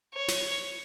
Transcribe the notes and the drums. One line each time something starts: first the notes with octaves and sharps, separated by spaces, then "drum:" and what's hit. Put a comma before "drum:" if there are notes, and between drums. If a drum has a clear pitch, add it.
C#5
drum: snare